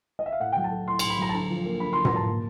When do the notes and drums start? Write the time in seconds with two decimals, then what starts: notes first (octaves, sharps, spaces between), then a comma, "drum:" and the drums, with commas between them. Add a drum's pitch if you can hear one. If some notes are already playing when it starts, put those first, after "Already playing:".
0.19 D#5
0.26 E5
0.32 F5
0.40 A2 F#5
0.53 G5
0.56 F#3
0.64 A5
0.71 A3
0.87 A2 C6
0.99 C6, drum: cymbal
1.03 A2
1.10 B5
1.18 F#3 A#5
1.29 A5
1.34 D3 A#5
1.50 F3
1.65 A#3
1.80 D3 B5
1.93 D3 C6
2.05 A#5, drum: tom
2.13 F3 A5
2.28 A#2